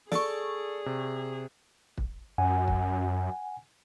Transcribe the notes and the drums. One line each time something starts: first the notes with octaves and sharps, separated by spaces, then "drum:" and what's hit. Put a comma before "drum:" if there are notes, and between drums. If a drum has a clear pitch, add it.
G#4 A4 D5 C#6, drum: snare
C3
drum: kick
F#2 F#5 G#5
drum: kick